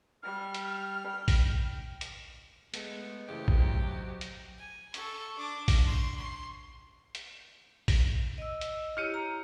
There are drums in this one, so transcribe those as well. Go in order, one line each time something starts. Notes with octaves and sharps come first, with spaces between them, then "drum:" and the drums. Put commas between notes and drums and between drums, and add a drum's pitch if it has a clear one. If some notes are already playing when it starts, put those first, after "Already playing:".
G3 F6
drum: hi-hat
G5
drum: kick, open hi-hat
drum: hi-hat
G#3 A3 B3, drum: hi-hat
C#3 E3 A3 G4 C5
drum: kick
A1 F#2 F#3
drum: hi-hat
G#5
A4 C#6, drum: hi-hat
D4 D6
drum: kick, open hi-hat
C6 C#6
C6
drum: hi-hat
drum: kick, open hi-hat
D#5 E6
drum: hi-hat
E4 G4 C#5 F6 C#7 D#7
A#5